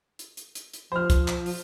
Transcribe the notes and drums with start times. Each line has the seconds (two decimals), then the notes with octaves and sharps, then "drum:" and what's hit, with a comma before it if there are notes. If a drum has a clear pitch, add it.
0.19 drum: hi-hat
0.37 drum: hi-hat
0.55 drum: hi-hat
0.74 drum: hi-hat
0.92 F3 C5 F6
1.10 drum: kick C2, hi-hat
1.28 drum: clap
1.46 drum: open hi-hat